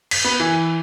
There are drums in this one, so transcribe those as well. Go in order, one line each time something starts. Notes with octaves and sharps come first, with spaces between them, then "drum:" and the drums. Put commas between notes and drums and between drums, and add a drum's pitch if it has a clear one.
B6, drum: cymbal
B3
E3